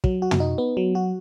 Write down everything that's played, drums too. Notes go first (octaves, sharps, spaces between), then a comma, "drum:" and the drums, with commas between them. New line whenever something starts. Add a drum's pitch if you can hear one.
F#3, drum: kick
F#4
drum: tom
D#4
B3
F#3
F#4